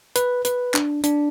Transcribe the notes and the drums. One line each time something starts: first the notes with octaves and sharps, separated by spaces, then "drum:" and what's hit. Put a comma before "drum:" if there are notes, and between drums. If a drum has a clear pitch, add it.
B4, drum: hi-hat
B4, drum: hi-hat
D4, drum: clap
D4, drum: hi-hat